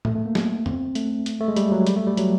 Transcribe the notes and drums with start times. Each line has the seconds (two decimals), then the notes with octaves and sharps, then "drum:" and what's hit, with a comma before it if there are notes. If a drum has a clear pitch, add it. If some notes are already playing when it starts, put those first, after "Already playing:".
0.05 A3, drum: tom A2
0.15 A3
0.26 A#3
0.35 B3, drum: snare
0.66 C4, drum: tom F2
0.95 A3, drum: hi-hat
1.26 drum: hi-hat
1.41 A3
1.48 G#3
1.56 G3, drum: hi-hat
1.72 F#3
1.87 G3, drum: hi-hat
1.96 A3
2.07 G3
2.17 F#3, drum: hi-hat